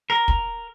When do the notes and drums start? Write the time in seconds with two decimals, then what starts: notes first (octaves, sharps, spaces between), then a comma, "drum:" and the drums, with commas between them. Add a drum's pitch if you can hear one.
0.10 A#4
0.28 drum: kick